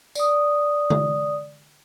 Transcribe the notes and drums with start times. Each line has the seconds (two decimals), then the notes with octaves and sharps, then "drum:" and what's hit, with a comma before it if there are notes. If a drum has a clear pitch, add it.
0.15 D5 D#6, drum: tambourine
0.90 drum: tom D3